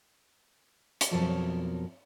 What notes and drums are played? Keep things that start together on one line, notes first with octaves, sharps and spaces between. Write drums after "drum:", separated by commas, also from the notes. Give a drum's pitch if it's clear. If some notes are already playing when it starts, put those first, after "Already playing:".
drum: hi-hat
F2 B2 F3 F#3 A#4 A5